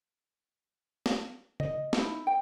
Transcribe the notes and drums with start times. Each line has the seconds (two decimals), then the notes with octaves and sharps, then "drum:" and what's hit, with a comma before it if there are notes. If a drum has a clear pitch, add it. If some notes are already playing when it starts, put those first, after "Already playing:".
1.06 drum: snare
1.60 D#5, drum: tom C#3
1.93 D#4 E4, drum: snare
2.27 G5